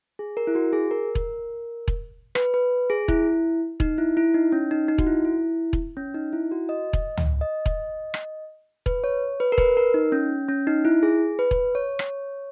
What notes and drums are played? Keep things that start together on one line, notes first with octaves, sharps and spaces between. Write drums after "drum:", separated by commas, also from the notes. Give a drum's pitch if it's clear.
G#4
A#4
E4
F#4
G#4
A#4
drum: kick E1
drum: kick E1
B4, drum: rim click
B4
G#4
E4, drum: kick E1
D#4, drum: kick E1
E4
E4
D#4
C#4
D#4
D#4
F#4, drum: kick E1
E4
E4
drum: kick E1
C#4
D#4
E4
F#4
D#5
drum: kick E1
drum: tom
D#5
drum: kick E1
drum: rim click
B4, drum: kick E1
C#5
B4
A#4
B4, drum: kick E1
A#4
D#4
C#4
C#4
D#4
E4
G#4
B4
drum: kick E1
C#5
drum: rim click